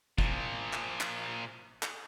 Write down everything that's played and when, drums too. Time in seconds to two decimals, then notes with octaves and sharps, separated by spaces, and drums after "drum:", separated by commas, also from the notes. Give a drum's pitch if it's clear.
0.18 A#2 F3, drum: kick
0.73 drum: clap
1.01 drum: clap
1.83 drum: clap